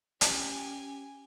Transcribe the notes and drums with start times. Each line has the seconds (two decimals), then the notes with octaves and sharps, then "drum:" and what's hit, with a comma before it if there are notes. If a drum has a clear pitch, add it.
0.21 C#4 G4 G#5, drum: hi-hat